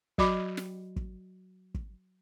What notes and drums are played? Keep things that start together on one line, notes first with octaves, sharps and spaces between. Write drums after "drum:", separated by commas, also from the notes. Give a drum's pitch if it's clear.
F#3 F#4 D5 D#5 B5 D6, drum: kick
drum: snare
drum: kick
drum: kick